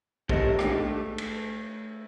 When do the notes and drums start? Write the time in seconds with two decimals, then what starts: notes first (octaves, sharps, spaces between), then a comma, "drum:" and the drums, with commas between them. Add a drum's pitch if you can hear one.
0.29 G4 A4 A#4 C#5 D#5 E5, drum: kick A#1
0.59 D#2 G#3 A3 D4 G4, drum: rim click
0.78 A3
1.18 drum: cymbal